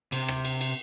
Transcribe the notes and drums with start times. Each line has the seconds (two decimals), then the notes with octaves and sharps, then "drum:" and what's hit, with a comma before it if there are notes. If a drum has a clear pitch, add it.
0.12 C3, drum: cymbal
0.28 drum: rim click
0.45 drum: cymbal
0.61 drum: cymbal